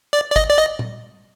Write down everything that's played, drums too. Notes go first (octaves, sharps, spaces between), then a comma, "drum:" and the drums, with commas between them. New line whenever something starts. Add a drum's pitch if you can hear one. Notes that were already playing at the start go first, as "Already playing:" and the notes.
D5
D5
D#5, drum: kick
D5
D#5
drum: tom